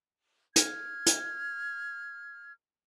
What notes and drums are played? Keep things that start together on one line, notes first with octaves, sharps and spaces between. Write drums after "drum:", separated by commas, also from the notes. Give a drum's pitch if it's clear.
F6 G#6, drum: hi-hat
drum: hi-hat